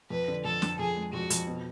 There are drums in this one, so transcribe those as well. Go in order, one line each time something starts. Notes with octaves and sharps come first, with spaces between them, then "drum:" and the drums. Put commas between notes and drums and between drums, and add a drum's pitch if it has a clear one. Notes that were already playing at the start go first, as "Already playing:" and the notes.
F2 B4
D3
F2 A4
F2, drum: snare
F2 G#4
G#3
F2 F#4
F2, drum: hi-hat
B2